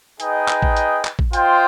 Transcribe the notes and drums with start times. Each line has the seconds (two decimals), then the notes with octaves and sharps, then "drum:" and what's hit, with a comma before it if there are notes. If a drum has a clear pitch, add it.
0.20 D#4 G#4 B4 D#5 G5, drum: hi-hat
0.48 drum: clap
0.62 drum: kick A1
0.77 drum: hi-hat
1.05 drum: clap
1.19 drum: kick A1
1.33 F4 C5 D#5 G5, drum: hi-hat